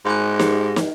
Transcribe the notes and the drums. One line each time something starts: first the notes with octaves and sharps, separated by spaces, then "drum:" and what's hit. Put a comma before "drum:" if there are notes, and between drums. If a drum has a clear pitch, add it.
G#2 D#5 G#5 F#6
G4 G#4, drum: snare
drum: snare